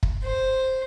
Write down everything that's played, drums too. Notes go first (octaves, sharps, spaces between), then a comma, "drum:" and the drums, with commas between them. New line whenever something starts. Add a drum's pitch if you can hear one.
drum: kick
C5